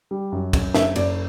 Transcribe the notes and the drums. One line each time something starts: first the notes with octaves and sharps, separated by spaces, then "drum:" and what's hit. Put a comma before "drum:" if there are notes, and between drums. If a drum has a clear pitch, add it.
G3
F#2
F#2, drum: kick, cymbal
F#1 E5, drum: snare
F#1 D5, drum: cymbal